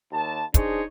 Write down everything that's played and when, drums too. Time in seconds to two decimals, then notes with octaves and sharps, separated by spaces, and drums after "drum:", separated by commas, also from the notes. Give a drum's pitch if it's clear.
0.12 D#2 A5
0.54 D4 D#4 G#4 C5 C#5 D#5, drum: kick, hi-hat